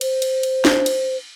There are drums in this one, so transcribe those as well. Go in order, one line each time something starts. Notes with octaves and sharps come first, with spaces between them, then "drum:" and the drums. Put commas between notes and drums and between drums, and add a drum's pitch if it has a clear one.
C5, drum: cymbal
drum: cymbal
drum: cymbal
drum: snare
drum: cymbal